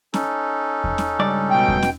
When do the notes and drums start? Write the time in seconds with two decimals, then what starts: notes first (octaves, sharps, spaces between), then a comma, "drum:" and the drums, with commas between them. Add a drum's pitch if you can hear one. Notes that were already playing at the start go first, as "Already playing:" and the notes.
0.14 C#4 D#4 A4, drum: snare
0.84 drum: kick E2
0.98 drum: snare
1.20 C#2 G2 D5
1.51 B2 G5
1.68 drum: kick E2
1.83 drum: snare